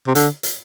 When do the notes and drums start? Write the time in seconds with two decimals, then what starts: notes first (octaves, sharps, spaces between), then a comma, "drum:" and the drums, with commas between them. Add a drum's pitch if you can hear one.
0.07 C3
0.15 D3, drum: hi-hat
0.43 drum: hi-hat